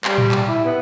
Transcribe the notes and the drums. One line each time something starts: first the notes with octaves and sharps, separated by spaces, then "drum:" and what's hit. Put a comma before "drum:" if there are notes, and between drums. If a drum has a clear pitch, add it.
G3, drum: clap
drum: tom A2
drum: clap
E4
B3